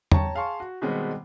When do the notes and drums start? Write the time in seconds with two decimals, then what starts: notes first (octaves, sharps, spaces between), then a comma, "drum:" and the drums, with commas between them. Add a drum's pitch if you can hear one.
0.12 C#5 G5 A5 A#5 C#6, drum: tom E2
0.35 G#4 F5 G#5 A5 C6 C#6
0.60 F#4
0.82 B2 D#3 G3 G#3 B3 C4